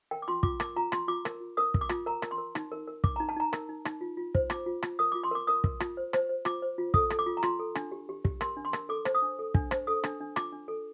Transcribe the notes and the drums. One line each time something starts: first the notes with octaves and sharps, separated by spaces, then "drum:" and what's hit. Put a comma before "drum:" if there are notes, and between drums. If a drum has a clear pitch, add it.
A#4 G5
D6
F4 C6
F4 D6, drum: kick
A#4 D6, drum: rim click
F4 A#5
F4 C6, drum: rim click
F4 D6
A#4, drum: rim click
F4
A#4 D#6
A#4, drum: kick
D6
F4, drum: rim click
A#4 A#5
A#4, drum: rim click
C6
A#4
D#4, drum: rim click
A#4
A#4
A#4 D6, drum: kick
D#4 A#5
A5
D#4 A#5
A#4, drum: rim click
D#4
D#4, drum: rim click
F4
F4
C5, drum: kick
F4 D6, drum: rim click
F4
F4, drum: rim click
A#4 D#6
F4 D6
C6
A#4 D6
A#4 D#6
A#4, drum: kick
F4, drum: rim click
C5
C5, drum: rim click
C5
F4 D6, drum: rim click
C5
F4
A4 D#6, drum: kick
A4, drum: rim click
D6
F4
A#5
F4 C6, drum: rim click
A4
D4, drum: rim click
G4
G4
G4, drum: kick
A#4 C6, drum: rim click
D4
C6
A#4, drum: rim click
A4 D6
C5, drum: rim click
D#6
D4
A4
D4, drum: kick
C5, drum: rim click
A4 D#6
D4, drum: rim click
D4
F4 D6, drum: rim click
D4
A4